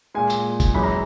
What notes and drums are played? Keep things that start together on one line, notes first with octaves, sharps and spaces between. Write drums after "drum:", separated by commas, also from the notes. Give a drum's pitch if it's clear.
A#2 G#3 G#5
drum: tambourine
drum: kick, tambourine
F#2 E3 G#3 B5
A#5